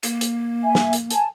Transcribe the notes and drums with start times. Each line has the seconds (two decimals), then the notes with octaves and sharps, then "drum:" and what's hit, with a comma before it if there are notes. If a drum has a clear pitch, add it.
0.03 A#3, drum: hi-hat
0.21 drum: hi-hat
0.64 E5 G#5
0.75 drum: snare
0.93 drum: hi-hat
1.10 G#5 A5, drum: hi-hat